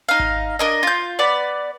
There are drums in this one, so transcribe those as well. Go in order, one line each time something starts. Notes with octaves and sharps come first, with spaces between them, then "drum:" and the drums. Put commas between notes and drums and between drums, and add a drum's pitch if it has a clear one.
D#4 F5
drum: kick G#1
D4 A#4 D#5
F4 G6
B3 D5 B5